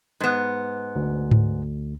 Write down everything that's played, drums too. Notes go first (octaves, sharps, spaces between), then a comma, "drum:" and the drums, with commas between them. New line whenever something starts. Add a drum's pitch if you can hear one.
G#2 B3
D2
drum: tom G#2